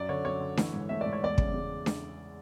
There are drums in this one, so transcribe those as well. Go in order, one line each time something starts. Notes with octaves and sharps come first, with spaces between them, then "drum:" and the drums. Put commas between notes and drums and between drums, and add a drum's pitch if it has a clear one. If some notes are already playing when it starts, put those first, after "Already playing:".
Already playing: F#2 D5
D3 C#5
F#2 C#5
D3
E3, drum: snare D4
G#2
A3 E5
D5
G#2
C#5
E2 D5
C#3, drum: kick
G#3
drum: snare D4